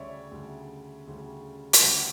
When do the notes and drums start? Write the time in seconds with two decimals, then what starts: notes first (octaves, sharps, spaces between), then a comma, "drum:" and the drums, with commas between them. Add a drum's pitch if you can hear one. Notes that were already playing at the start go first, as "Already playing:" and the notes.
Already playing: D2 C#3 G3 C#5 D5 E5
0.32 D2 C#3 G3
1.07 D2 C#3 G3
1.73 drum: hi-hat
1.82 D2 C#3 G3 F#5